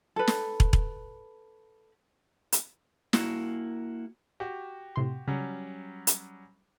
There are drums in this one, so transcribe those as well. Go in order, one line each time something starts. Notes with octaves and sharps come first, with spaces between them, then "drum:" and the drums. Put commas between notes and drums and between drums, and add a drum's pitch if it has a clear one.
A4 B4
drum: snare
drum: kick
drum: kick
drum: hi-hat
A#3 E4 F#4, drum: snare
F#4 G4
A2 C3 C6
C#3 F#3 G3 C#4
drum: hi-hat